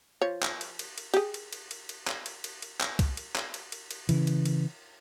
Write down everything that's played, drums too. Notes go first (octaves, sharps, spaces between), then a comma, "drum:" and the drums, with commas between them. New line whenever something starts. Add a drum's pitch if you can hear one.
F3 C#5
drum: clap
drum: cymbal
drum: cymbal
drum: cymbal
G4 G#4, drum: cymbal
drum: cymbal
drum: cymbal
drum: cymbal
drum: cymbal
drum: clap
drum: cymbal
drum: cymbal
drum: cymbal
drum: clap
drum: kick, cymbal
drum: cymbal
drum: clap
drum: cymbal
drum: cymbal
drum: cymbal
C#3 E3, drum: cymbal
drum: cymbal
drum: cymbal